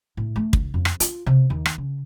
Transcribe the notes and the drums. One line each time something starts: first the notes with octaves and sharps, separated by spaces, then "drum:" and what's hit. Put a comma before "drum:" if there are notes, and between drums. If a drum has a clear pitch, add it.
A2
A3
C#2, drum: kick
F2
drum: rim click
F4, drum: hi-hat
C3
D#2
drum: rim click
C#3